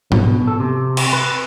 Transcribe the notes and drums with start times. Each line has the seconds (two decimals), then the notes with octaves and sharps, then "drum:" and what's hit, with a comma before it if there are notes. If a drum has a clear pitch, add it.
0.12 B2, drum: tom G#2
0.47 A4
0.60 C3
0.97 drum: cymbal
1.13 B4